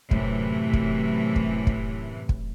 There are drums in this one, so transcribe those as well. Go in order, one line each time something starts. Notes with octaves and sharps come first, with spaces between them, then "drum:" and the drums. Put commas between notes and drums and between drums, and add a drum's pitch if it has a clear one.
F#2 A2 C3 E3, drum: kick
drum: kick
drum: kick
drum: kick
drum: kick